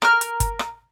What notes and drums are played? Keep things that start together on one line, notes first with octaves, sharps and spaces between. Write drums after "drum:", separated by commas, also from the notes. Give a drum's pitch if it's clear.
A#4 F6, drum: rim click
drum: hi-hat
drum: kick G1, hi-hat
drum: rim click